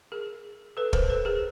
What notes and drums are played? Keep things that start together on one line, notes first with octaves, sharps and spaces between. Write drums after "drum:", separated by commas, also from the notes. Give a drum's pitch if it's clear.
G#4 A#4
A4 B4
A#4 C5, drum: kick
A4 B4
G#4 A#4